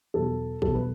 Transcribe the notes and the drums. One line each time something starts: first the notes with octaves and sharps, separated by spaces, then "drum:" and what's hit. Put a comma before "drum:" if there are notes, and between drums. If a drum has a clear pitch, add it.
E2 B2 F#3 A4
E2 B2 F#3 A4, drum: kick
B4